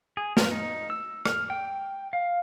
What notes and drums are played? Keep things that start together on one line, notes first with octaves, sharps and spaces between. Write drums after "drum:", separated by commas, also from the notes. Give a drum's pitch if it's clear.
G#4
A#4, drum: snare
D#4
E6
F6, drum: rim click
G5
F5